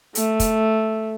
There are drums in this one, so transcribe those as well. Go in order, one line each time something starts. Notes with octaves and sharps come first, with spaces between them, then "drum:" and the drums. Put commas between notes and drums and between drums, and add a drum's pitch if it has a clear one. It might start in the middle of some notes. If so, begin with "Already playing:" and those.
A3, drum: hi-hat
drum: kick, hi-hat